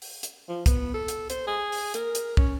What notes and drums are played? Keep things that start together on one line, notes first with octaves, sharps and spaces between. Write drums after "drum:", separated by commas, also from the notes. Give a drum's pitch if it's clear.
drum: open hi-hat
drum: hi-hat
F3
B3, drum: kick, hi-hat
A4
drum: hi-hat
C5, drum: hi-hat
G#4
drum: open hi-hat
A#4, drum: hi-hat
drum: hi-hat
C#4, drum: kick